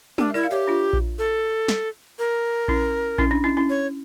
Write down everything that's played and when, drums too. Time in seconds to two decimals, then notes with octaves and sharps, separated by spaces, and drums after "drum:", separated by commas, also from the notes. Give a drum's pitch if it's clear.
0.18 D4 G4 A#4, drum: tom
0.30 E5
0.34 E4 A#4 D5
0.43 F5
0.51 G4 C#5 E5
0.68 D4 F4
0.93 drum: kick A#1
1.19 A4
1.68 drum: snare
2.19 A#4
2.68 C#4 E4, drum: kick A#1
3.18 C#4 E4, drum: kick A#1
3.31 D4
3.44 C#4 E4
3.57 C#4 E4
3.70 C#5